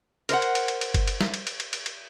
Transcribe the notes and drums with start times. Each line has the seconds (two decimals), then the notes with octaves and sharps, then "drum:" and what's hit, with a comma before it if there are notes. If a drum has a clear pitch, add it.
0.29 A#4 C5 D#5 F#5, drum: cymbal
0.42 drum: cymbal
0.55 drum: cymbal
0.68 drum: cymbal
0.81 drum: cymbal
0.94 drum: kick F#1, cymbal
1.07 drum: cymbal
1.21 drum: snare
1.34 drum: cymbal
1.47 drum: cymbal
1.60 drum: cymbal
1.73 drum: cymbal
1.86 drum: cymbal